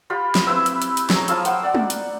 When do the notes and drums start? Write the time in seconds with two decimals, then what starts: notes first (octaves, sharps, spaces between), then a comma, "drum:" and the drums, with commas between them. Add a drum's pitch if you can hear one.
0.10 F4 G4 B5
0.35 drum: snare
0.47 C4 E4 B4 E6
0.66 drum: hi-hat
0.82 drum: hi-hat
0.97 drum: hi-hat
1.10 G#4 C#5 A#5, drum: snare
1.28 F3 F4 F5 E6, drum: hi-hat
1.45 C5 F#5 G5, drum: hi-hat
1.63 D5 F#5
1.75 drum: tom
1.90 drum: hi-hat